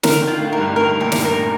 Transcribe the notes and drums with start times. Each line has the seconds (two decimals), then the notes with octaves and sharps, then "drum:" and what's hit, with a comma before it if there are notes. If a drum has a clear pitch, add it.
0.03 D3 A#4, drum: snare
0.22 D#3
0.27 F4
0.40 A2
0.53 A#4
0.58 G2
0.76 A2 A#4
1.00 A#2 A#4
1.12 drum: snare
1.25 A#2 A#4